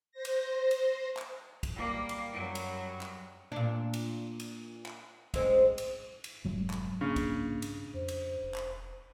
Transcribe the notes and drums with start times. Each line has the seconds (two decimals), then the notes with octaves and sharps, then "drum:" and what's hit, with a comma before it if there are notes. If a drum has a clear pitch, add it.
0.12 C5 A#6
0.25 drum: cymbal
0.71 drum: cymbal
1.17 drum: clap
1.63 drum: kick, cymbal
1.76 G3 A#3 D5
2.09 drum: cymbal
2.32 F#2 F#3
2.55 drum: cymbal
3.01 drum: clap
3.52 A#2 D4
3.94 drum: cymbal
4.40 drum: cymbal
4.86 drum: clap
5.34 G#3 C4 C#4, drum: kick, cymbal
5.78 drum: cymbal
6.24 drum: cymbal
6.44 F1 G#2 F#3 G#3
6.70 drum: clap
7.01 C#3 A#3 D4
7.16 drum: kick, cymbal
7.62 drum: cymbal
7.94 F2 C5
8.08 drum: cymbal
8.43 E1
8.54 drum: clap